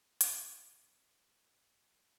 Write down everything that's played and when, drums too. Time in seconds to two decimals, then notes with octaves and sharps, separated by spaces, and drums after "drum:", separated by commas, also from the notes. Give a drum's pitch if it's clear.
0.21 E4 G#4 C5, drum: hi-hat